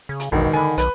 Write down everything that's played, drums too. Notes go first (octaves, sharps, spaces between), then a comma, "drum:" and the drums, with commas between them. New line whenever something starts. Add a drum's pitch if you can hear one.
C#3
drum: hi-hat
E1 A#1 D#3
D3 G#5 B5
B1 B4, drum: hi-hat